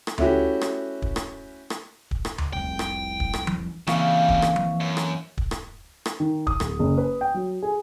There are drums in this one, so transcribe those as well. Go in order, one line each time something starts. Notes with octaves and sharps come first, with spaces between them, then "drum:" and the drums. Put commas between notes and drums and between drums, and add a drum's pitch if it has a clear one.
drum: rim click
A3 C#4 E4 F#4 G4, drum: tom D2
drum: rim click
drum: kick
drum: rim click
drum: rim click
drum: kick
drum: rim click
drum: tom D2
F1 C2 G5
drum: rim click
drum: kick
drum: rim click
drum: tom F3
C#3 E3 G3 A#3 C4 E5 F5 C#6, drum: rim click
drum: kick
drum: rim click
drum: tom F3
F#2
drum: rim click
drum: kick
drum: rim click
drum: rim click
D#3
D#6, drum: kick
D1, drum: rim click
F#1
B4
G5
F#3
G#4